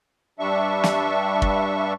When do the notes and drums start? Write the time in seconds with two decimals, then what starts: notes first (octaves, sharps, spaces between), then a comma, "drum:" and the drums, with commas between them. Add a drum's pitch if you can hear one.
0.39 G2 G3 D4 E5 C#6
0.84 drum: snare
1.42 drum: kick